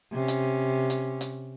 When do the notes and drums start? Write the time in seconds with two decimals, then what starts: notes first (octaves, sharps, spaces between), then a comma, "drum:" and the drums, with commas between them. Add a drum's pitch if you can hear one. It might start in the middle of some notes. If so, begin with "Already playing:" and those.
0.13 C3 C#4
0.28 drum: hi-hat
0.90 drum: hi-hat
1.21 drum: hi-hat